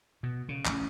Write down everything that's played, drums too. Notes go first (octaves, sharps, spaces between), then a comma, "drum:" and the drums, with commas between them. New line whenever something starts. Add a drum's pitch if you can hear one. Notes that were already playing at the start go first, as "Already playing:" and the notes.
B2
C#3
A1 A2 E3 C#4, drum: clap